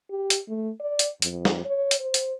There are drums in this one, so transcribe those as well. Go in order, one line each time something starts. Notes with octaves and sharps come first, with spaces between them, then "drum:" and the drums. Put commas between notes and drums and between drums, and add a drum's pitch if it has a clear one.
G4
drum: hi-hat
A3
D5
drum: hi-hat
F2, drum: hi-hat
drum: snare
C#5
drum: hi-hat
C5
drum: hi-hat